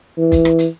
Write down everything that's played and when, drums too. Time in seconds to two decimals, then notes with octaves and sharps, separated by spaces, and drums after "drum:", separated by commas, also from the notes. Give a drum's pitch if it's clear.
0.18 E3
0.32 drum: kick, hi-hat
0.45 drum: rim click
0.58 drum: hi-hat